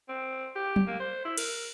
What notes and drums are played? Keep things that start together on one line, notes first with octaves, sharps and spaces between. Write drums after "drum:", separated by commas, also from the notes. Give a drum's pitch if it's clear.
C4
G4
drum: tom F#3
A#3
C5
E4
A#4, drum: cymbal